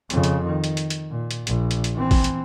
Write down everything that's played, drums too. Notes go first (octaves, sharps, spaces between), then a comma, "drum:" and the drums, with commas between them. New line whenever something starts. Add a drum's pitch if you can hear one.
F2 C#3, drum: hi-hat
drum: hi-hat
D#3
drum: hi-hat
drum: hi-hat
drum: hi-hat
A#2
drum: hi-hat
A#1, drum: hi-hat
drum: hi-hat
drum: hi-hat
E3 C4
drum: kick, open hi-hat
drum: hi-hat